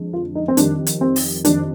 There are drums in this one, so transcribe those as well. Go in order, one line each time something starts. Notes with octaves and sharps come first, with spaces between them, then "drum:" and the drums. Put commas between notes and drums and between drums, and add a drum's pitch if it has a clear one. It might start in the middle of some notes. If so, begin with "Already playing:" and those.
Already playing: F2 D3 G#3
F4
D#4
C4
F2 D#3 G3 D4, drum: hi-hat
drum: hi-hat
C4
drum: open hi-hat
F2 D#3 G3 D4, drum: hi-hat